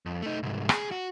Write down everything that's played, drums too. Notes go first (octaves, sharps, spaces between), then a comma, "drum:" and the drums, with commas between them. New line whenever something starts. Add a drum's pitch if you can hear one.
F2
A3 D#4
C2 G#2
G#4, drum: rim click
F#4